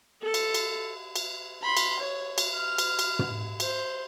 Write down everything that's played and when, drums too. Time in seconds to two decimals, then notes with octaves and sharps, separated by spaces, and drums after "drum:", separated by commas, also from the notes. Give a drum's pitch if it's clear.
0.23 A4
0.34 drum: cymbal
0.54 drum: cymbal
1.16 drum: cymbal
1.62 B5 C6
1.77 drum: cymbal
2.00 C#5
2.38 drum: cymbal
2.55 F6
2.78 drum: cymbal
2.99 drum: cymbal
3.19 drum: tom
3.60 C5, drum: cymbal